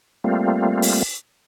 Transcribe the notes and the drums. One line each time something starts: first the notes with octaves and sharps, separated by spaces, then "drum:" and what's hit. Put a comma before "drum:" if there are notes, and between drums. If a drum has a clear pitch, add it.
G3 A3 A#3 C4 F4
drum: open hi-hat